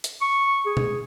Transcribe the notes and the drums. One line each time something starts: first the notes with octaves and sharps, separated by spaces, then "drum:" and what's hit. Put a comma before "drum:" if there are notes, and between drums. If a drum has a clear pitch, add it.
drum: hi-hat
C#6
G#4
drum: tom B2